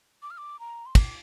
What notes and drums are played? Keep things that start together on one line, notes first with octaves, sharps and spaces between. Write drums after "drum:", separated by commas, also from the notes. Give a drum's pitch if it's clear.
D6
F6
D6
A#5
C6
D6, drum: kick, cymbal